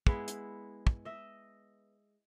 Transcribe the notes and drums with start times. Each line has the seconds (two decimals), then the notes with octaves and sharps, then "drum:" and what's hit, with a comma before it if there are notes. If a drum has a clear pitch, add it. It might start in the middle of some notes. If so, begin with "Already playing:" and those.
0.07 G#3 B3 E4, drum: kick
0.28 drum: hi-hat
0.87 drum: kick
1.05 D#5 E5